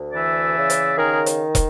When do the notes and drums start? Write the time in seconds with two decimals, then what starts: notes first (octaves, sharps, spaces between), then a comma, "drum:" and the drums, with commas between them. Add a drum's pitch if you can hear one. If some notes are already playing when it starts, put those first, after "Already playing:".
Already playing: D2
0.13 E3 D5 E5
0.56 C#3
0.70 drum: hi-hat
0.98 D#3 G#4 A#4
1.13 G#4
1.26 drum: hi-hat
1.55 drum: kick, hi-hat